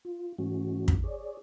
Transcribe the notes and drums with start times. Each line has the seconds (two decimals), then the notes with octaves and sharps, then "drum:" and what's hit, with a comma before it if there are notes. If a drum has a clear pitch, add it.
0.05 F4
0.38 G#2 E3 G#3 A3 C#4 F#4
0.88 drum: kick
1.04 G#4 C#5 D5